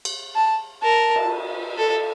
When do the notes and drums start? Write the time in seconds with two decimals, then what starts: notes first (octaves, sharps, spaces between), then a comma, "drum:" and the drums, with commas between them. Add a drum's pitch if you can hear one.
0.05 drum: cymbal
0.35 A5
0.82 A#4 A5
1.16 drum: cymbal
1.78 A4